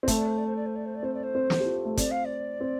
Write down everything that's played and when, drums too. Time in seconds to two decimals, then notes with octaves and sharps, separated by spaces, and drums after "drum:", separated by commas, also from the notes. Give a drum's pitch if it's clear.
0.03 C4
0.08 A3 C5, drum: kick, hi-hat
0.18 D5
0.27 C5
0.37 D5
0.46 C5
0.56 D5
0.66 C5
0.75 D5
0.85 C5
0.95 D5
1.03 C4 C5
1.14 D5
1.23 C5
1.35 C4
1.50 drum: snare
1.60 G4
1.66 F4
1.85 A3
1.97 C4 D5, drum: kick, hi-hat
2.11 F5
2.25 D5
2.61 C4